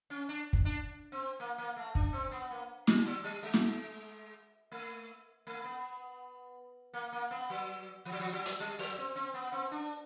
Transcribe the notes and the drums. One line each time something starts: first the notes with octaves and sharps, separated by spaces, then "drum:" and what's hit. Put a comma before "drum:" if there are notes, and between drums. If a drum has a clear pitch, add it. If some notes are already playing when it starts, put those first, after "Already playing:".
C#4
D4
drum: kick
D4
C4
A#3
A#3
A3
D4, drum: kick
C4
B3
A#3
G3, drum: snare
F#3
G3
G#3
drum: snare
A3
A3
B3
A#3
A#3
B3
F#3
F3
F#3
F3
F#3
drum: hi-hat
G3
F#3, drum: open hi-hat
C4
C4
B3
C4
D4